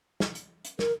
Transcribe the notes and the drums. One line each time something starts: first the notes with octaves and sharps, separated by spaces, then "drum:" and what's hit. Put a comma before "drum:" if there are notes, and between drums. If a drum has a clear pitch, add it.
drum: snare
drum: hi-hat
drum: hi-hat
A#4, drum: snare